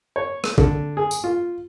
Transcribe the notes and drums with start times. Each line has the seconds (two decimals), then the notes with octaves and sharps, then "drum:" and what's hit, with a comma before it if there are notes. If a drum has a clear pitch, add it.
0.16 C#5
0.44 drum: rim click
0.58 D3, drum: kick
0.97 G#4
1.11 drum: tambourine
1.24 F4